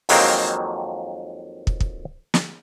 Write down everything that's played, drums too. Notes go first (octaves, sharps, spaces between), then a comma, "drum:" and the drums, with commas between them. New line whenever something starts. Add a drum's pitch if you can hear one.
F2 D#3 F#3 G#3 A#3 C4, drum: open hi-hat
drum: kick
drum: kick
drum: snare